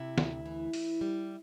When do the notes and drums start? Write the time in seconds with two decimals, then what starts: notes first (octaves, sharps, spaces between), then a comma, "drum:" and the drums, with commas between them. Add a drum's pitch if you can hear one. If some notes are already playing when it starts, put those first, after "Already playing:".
Already playing: C3 E4
0.18 D2, drum: snare
0.46 E3
0.73 E3, drum: open hi-hat
1.01 G3